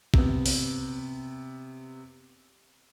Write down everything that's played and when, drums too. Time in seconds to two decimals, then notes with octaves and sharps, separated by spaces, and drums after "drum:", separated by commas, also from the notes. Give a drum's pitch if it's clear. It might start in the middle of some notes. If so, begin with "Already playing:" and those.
0.14 C3 B3, drum: kick
0.46 drum: open hi-hat